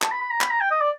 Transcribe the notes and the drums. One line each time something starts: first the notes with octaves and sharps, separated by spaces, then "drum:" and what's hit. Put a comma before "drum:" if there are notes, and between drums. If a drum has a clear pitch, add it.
A5, drum: clap
B5
B5
A#5
B5, drum: clap
A#5
G5
D#5
D5